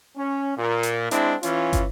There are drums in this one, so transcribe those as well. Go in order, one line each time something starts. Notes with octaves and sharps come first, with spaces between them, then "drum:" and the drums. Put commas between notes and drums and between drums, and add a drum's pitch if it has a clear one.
C#4
A#2
drum: hi-hat
G#3 C4 D4 E4, drum: hi-hat
E3 C#4 F4, drum: hi-hat
drum: kick, hi-hat